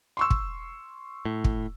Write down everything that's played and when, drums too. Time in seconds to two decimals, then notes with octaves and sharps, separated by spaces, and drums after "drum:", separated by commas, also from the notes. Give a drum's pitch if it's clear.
0.17 C6 C#6 E6
0.30 drum: kick
1.25 A2
1.44 drum: kick